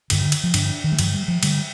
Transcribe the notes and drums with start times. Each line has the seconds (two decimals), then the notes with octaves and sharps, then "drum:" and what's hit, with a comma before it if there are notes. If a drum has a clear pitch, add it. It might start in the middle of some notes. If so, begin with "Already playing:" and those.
0.10 G2 D3 D#3, drum: cymbal
0.21 D3
0.32 drum: cymbal
0.44 F3
0.54 G2 D3 D4, drum: cymbal
0.69 D4
0.84 D#3
0.92 G3
0.99 G2 D3 F3, drum: cymbal
1.14 G3
1.28 F3
1.43 G2 D3 G3, drum: cymbal